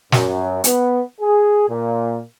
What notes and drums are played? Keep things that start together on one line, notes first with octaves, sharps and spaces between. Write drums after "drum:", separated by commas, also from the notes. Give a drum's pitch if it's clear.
F#2, drum: snare
B3, drum: hi-hat
G#4
A#2